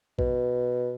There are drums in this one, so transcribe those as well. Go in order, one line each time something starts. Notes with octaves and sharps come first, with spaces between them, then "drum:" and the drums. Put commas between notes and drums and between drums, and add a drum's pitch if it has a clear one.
B2, drum: kick